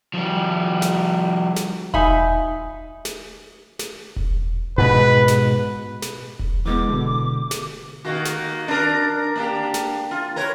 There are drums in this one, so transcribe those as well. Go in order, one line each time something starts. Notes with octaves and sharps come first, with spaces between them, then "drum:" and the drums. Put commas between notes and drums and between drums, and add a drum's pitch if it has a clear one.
F3 G3
drum: snare
drum: snare
D#4 E5 G#5 B5, drum: kick E1
drum: snare
drum: snare
drum: kick E1
G#2 B2 B4
drum: snare
drum: snare
drum: kick E1
E3 G#3 B3 D6
B2 D3
drum: snare
D#3 A#3 F#4
drum: snare
D4 A#4
A#3 D4 G4
drum: snare
F4
A#4 B4 C#5